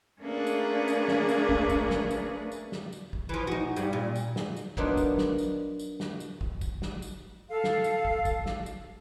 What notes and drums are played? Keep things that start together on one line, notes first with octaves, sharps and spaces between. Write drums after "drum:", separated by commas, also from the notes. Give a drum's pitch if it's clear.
A3 A#3 C#4 D4 G#4 B4
drum: tambourine
drum: tambourine
drum: snare
drum: tambourine
drum: kick
drum: kick, tambourine
drum: snare
drum: tambourine
drum: tambourine
drum: snare
drum: tambourine
drum: kick
E3 F3
D#4 F#4
G2 G3, drum: tambourine
A#2
drum: tambourine
drum: snare
drum: tambourine
F#3 A#3 B3 D4 D#4 F4, drum: kick
drum: kick, tambourine
drum: snare
drum: tambourine
drum: tambourine
drum: snare
drum: tambourine
drum: kick
drum: kick, tambourine
drum: snare
drum: tambourine
A4 F5
drum: snare
drum: tambourine
drum: kick
drum: kick, tambourine
drum: snare
drum: tambourine